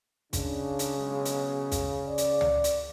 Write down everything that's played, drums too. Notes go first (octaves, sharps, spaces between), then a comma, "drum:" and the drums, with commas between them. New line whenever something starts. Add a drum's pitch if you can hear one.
C#3 D4, drum: kick, hi-hat
drum: hi-hat
B2 F#3 G#3
drum: hi-hat
drum: kick, hi-hat
D5
drum: hi-hat
drum: tom
drum: hi-hat